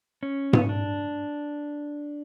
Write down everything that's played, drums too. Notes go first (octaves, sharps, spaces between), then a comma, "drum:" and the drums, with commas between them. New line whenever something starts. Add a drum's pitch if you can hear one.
C#4
B3, drum: tom G#2
C#4
D4